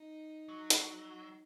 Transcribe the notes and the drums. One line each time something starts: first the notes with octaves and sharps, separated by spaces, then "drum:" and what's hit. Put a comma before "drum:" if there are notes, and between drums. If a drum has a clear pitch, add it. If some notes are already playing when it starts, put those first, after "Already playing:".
Already playing: D#4
F#3
drum: hi-hat